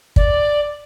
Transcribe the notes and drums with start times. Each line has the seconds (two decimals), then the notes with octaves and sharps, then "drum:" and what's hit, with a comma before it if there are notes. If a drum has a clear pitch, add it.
0.16 D5, drum: kick